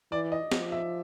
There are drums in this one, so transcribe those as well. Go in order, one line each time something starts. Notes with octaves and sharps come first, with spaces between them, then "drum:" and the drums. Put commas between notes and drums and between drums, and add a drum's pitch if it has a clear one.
E3 D5
D#5
F3, drum: snare
E5